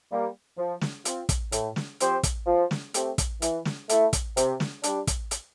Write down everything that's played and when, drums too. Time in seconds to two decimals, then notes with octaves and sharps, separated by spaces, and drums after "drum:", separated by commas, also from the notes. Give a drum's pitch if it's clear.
0.11 G3 A#3
0.58 F3
0.81 drum: snare
1.05 C4 F4, drum: hi-hat
1.29 drum: kick, hi-hat
1.52 A2, drum: hi-hat
1.76 drum: snare
2.00 F3 C4 G4 C5, drum: hi-hat
2.23 drum: kick, hi-hat
2.47 F3
2.71 drum: snare
2.94 A3 C4 G4, drum: hi-hat
3.18 drum: kick, hi-hat
3.42 E3, drum: hi-hat
3.65 drum: snare
3.89 A3 E4, drum: hi-hat
4.13 drum: kick, hi-hat
4.37 C3, drum: hi-hat
4.60 drum: snare
4.83 G3 D4, drum: hi-hat
5.07 drum: kick, hi-hat
5.31 drum: hi-hat